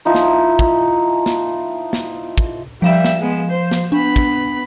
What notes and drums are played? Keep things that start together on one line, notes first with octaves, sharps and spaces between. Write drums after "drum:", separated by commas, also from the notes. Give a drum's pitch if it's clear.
F3 D#4 E4
drum: snare
drum: kick
drum: snare
drum: snare
drum: kick
F3 G3 E5 F5 E7
drum: snare
G#3 B3
C5
drum: snare
B3 D4 B5
drum: kick